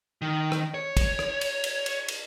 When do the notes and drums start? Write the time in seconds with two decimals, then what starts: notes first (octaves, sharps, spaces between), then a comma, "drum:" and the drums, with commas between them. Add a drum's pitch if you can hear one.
0.22 D#3
0.52 drum: rim click
0.74 C#5
0.97 drum: kick, cymbal
1.19 drum: rim click
1.41 drum: cymbal
1.64 drum: cymbal
1.86 drum: cymbal
2.08 drum: cymbal